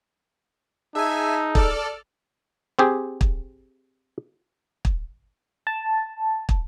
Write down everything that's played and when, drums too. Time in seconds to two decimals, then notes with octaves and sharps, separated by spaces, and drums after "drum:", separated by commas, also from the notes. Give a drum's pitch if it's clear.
0.95 D#4 G#4 E5 G#5 A5 E6
1.55 A4 D5 F6, drum: kick
2.79 C4 G4 G#4
3.21 drum: kick
4.85 drum: kick
5.67 A5
6.49 drum: kick